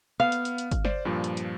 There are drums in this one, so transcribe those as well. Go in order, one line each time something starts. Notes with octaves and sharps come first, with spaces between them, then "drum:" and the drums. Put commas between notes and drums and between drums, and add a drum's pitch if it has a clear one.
B3 F5
drum: hi-hat
drum: hi-hat
drum: hi-hat
drum: kick, hi-hat
C5 D5, drum: snare
G2 A#2 F3
drum: hi-hat
drum: hi-hat